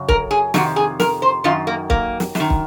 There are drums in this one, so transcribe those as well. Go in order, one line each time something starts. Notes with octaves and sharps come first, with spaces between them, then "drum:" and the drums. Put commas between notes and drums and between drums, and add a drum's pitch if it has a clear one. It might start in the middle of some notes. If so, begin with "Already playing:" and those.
Already playing: F#2 C#3
A#4, drum: kick
G#4
F2 C3 D#3 F#4, drum: snare
G#4
A#4, drum: snare
C5
F#2 D#3 F4
A#3
A#3, drum: kick
drum: snare
F#2 D#3, drum: snare
drum: kick